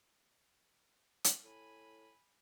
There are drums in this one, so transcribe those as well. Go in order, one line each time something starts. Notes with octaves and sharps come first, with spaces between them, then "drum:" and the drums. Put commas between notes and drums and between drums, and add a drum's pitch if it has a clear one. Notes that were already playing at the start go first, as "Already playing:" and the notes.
drum: hi-hat
A2 G#5 B5